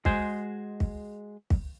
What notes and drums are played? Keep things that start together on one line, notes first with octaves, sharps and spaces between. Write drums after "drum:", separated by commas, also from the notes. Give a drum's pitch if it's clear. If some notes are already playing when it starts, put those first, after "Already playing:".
G#3 F#4 G#4 C5, drum: kick
drum: kick
drum: kick